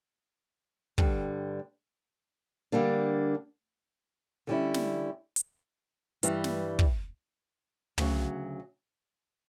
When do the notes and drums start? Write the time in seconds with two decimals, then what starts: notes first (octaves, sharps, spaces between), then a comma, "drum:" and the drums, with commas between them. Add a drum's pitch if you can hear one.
0.98 G2 D3 G3, drum: kick
2.72 D3 G3 A#3 D4
4.47 D3 G3 C#4 E4
4.74 drum: snare
5.36 drum: hi-hat
6.23 G2 E3 G3, drum: hi-hat
6.44 drum: snare
6.79 drum: kick
7.98 D2 C#3 F#3, drum: tom